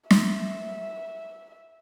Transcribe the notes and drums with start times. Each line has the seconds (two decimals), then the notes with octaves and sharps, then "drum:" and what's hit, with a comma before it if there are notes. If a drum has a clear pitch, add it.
0.11 E5, drum: snare